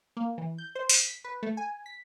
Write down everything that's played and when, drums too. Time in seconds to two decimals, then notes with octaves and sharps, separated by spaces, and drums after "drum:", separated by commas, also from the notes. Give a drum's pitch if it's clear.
0.17 A#3
0.38 E3
0.58 G6
0.75 C5
0.89 drum: open hi-hat
1.05 B6
1.24 B4
1.43 A3
1.57 G#5
1.86 B6